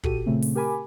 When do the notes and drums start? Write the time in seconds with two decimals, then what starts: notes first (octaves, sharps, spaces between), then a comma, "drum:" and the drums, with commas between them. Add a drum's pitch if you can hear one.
0.03 A#1 A#2 F#4 G4 A4 D#7, drum: kick
0.26 A#2 C#3 A3 C4
0.42 drum: open hi-hat
0.55 G4 A#4 G#5 B5 D6